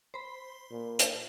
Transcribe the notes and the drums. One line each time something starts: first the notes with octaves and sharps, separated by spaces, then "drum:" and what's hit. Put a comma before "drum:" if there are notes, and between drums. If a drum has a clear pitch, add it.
C5 B5
A#2
drum: hi-hat